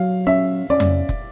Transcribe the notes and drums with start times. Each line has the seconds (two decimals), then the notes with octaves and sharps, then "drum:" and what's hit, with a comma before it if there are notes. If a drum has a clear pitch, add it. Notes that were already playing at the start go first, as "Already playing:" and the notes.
Already playing: F#3 F5
0.27 C#4 E5
0.70 C#4 D5
0.80 drum: tom F2
1.09 drum: kick